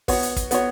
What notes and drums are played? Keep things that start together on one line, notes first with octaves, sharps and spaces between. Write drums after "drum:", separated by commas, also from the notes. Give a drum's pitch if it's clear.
B3 F#4 C#5, drum: kick, open hi-hat
drum: hi-hat
drum: kick, hi-hat
B3 F#4 C#5, drum: hi-hat